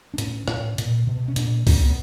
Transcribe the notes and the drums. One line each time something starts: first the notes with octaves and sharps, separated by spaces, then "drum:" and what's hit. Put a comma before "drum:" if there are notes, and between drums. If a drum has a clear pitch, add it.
D4
A2 C#4, drum: hi-hat
A2, drum: rim click
A#2, drum: hi-hat
B2
C#4
A#2 D4, drum: hi-hat
A2 C#4, drum: kick, open hi-hat
B3